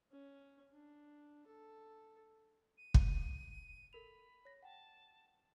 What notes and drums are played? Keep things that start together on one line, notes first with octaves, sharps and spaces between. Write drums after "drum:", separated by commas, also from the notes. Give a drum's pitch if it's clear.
C#4
D4
A4
D#7
drum: kick
A4 A#4 B5 F7
C#5 A#6
F#5 G5 A5